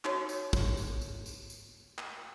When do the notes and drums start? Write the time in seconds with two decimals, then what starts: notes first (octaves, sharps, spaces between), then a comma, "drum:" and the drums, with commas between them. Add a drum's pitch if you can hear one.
0.05 D#4 F#4 C#5, drum: clap
0.29 drum: tambourine
0.53 drum: kick, tambourine
0.77 drum: tambourine
1.01 drum: tambourine
1.26 drum: tambourine
1.50 drum: tambourine
1.98 drum: clap